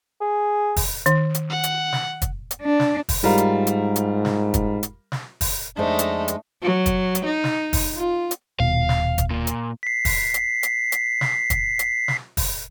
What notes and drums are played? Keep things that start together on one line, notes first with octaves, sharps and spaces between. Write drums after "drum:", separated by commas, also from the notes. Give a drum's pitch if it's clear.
G#4
drum: kick, open hi-hat
D#3, drum: hi-hat
drum: hi-hat
F#5
drum: hi-hat
drum: snare
drum: kick, hi-hat
drum: hi-hat
D4
drum: snare
drum: kick, open hi-hat
G#2 G3 F4 A#4
drum: hi-hat
drum: hi-hat
drum: hi-hat
drum: snare
drum: kick, hi-hat
drum: hi-hat
drum: snare
drum: kick, open hi-hat
F2 G#3 A3 D4 D#4 C5
drum: hi-hat
drum: hi-hat
F#3
drum: kick, hi-hat
drum: hi-hat
D#4
drum: snare
drum: kick, open hi-hat
F4
drum: hi-hat
D#1 B2 F5
drum: snare
drum: kick, hi-hat
A#2
drum: hi-hat
B6 C7
drum: kick, open hi-hat
drum: hi-hat
drum: hi-hat
drum: hi-hat
drum: snare
drum: kick, hi-hat
drum: hi-hat
drum: snare
drum: kick, open hi-hat